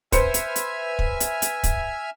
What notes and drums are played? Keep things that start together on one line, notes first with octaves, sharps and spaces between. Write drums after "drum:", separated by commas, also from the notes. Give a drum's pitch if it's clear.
B4 C5 E5 G#5 F6 C#7, drum: kick, hi-hat
drum: hi-hat
drum: hi-hat
drum: kick
drum: hi-hat
drum: hi-hat
drum: kick, hi-hat